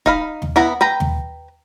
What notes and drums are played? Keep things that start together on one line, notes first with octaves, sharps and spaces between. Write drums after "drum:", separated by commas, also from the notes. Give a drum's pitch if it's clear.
D#4 F5 B5, drum: kick
drum: tom D#2
B3 E4 F#5 A#5 B5
B4 G5 A#5
drum: tom D#2